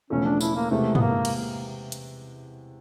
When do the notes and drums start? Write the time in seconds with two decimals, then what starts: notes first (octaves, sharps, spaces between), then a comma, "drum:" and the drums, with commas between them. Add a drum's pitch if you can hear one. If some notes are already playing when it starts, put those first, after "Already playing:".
0.10 E1 E2 C#3 F3 A3 C#4
0.25 D4
0.41 E4, drum: tambourine
0.56 A#3
0.71 E2 C3 E3 G#3 A3
0.95 B3, drum: tom
1.01 A#3
1.25 drum: cymbal
1.92 drum: hi-hat